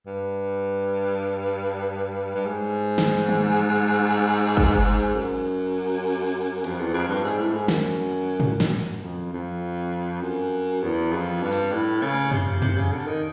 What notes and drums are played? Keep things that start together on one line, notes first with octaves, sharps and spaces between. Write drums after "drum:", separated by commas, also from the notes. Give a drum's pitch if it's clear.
G2
G2
G#2
drum: snare
drum: tom
drum: kick
G#2
F#2
F2, drum: cymbal
E2
F2
G2
G#2
A2
G#2
F#2, drum: snare
drum: tom
drum: snare
F2
F2
F#2
E2
F2
G2
drum: open hi-hat
A2
C#3
C3, drum: tom
C3, drum: tom
C#3
D3
D#3